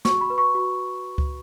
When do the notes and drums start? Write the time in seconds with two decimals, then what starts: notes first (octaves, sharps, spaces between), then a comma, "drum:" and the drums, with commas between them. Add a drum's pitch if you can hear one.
0.05 F#4 C#6, drum: snare
0.21 B5
0.30 B4
0.38 C#6
0.55 F#4
1.18 drum: kick C#2